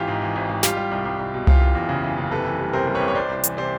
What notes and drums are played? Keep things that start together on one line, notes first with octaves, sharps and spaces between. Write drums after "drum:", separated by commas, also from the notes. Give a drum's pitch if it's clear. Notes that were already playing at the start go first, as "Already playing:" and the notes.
Already playing: G#1 E3 F4 G4
G#2
E3
G#1
G#1
G3 F4 G4, drum: snare
G3
C2
C2
C2
B2
E3 F4 G4, drum: tom C2
F#1
E2
C#3
E3
F#1
C3 A4 B4
E3
G3
C3 A#4 C5
G3
B4 C#5
C2
C#5
C2 C5 D5
C2
E3, drum: hi-hat
C3 C5 D5